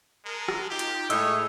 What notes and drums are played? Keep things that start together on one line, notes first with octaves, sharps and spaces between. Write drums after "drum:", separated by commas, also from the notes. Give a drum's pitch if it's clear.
G#3 A#4 A5 A#5
drum: rim click
D#4 F4 G4
drum: hi-hat
A2 G#3 E4 G#4 C#5 D#5 E6, drum: hi-hat